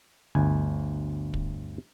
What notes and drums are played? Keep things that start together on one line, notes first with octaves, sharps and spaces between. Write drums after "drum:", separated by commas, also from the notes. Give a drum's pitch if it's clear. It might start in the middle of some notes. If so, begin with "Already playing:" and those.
G1 D2 G#5
drum: kick